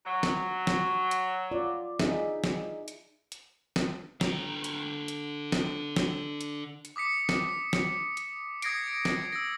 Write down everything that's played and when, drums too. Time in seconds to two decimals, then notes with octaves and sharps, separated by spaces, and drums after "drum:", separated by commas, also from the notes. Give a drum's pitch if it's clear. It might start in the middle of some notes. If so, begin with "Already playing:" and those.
0.04 F#3
0.23 drum: snare
0.67 drum: snare
1.11 drum: hi-hat
1.51 F4 D5
2.00 D#4 G#4 E5, drum: snare
2.44 drum: snare
2.88 drum: hi-hat
3.32 drum: hi-hat
3.76 drum: snare
4.21 D3 A#5, drum: snare
4.64 drum: hi-hat
5.08 drum: hi-hat
5.52 drum: snare
5.96 drum: snare
6.41 drum: hi-hat
6.85 drum: hi-hat
6.96 D6 D#6 B6 C#7
7.29 drum: snare
7.73 drum: snare
8.17 drum: hi-hat
8.62 D#6 G#6 A#6 C7 D7, drum: hi-hat
9.05 drum: snare
9.32 E6 A#6